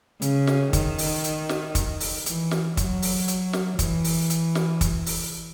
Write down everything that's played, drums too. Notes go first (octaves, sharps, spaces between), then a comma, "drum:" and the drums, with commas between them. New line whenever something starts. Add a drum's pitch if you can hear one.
C#3, drum: hi-hat
drum: snare
D#3, drum: kick, hi-hat
drum: open hi-hat
drum: hi-hat
drum: snare
drum: kick, hi-hat
drum: open hi-hat
E3, drum: hi-hat
drum: snare
F#3, drum: kick, hi-hat
drum: open hi-hat
drum: hi-hat
drum: snare
E3, drum: kick, hi-hat
drum: open hi-hat
drum: hi-hat
drum: snare
drum: kick, hi-hat
drum: open hi-hat